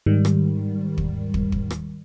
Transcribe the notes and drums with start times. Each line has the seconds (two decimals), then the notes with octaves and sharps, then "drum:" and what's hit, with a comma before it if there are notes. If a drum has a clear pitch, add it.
0.06 G#2 D#3 G3
0.25 drum: rim click
0.98 drum: kick
1.34 drum: kick
1.52 drum: kick
1.70 drum: rim click